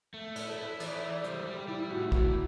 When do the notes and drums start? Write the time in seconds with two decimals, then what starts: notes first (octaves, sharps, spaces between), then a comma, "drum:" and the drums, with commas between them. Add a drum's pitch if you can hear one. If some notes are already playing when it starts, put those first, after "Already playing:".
0.14 A3
0.36 E4 B4, drum: cymbal
0.49 A4
0.58 E4 B4
0.80 E3 D5, drum: cymbal
0.95 E5
1.01 E3
1.09 D5
1.24 G3 C5, drum: hi-hat
1.38 B4
1.46 G3
1.54 G4
1.68 G3 E4
1.79 E4
1.90 A2 F#4
2.02 E4
2.12 E3 F#4, drum: kick A1